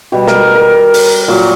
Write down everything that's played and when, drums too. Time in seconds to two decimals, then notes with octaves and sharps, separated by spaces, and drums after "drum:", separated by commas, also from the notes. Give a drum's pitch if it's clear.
0.12 B2 G3 G4
0.27 A#4, drum: snare
0.55 A#4
0.94 drum: open hi-hat
1.28 A#2 F#3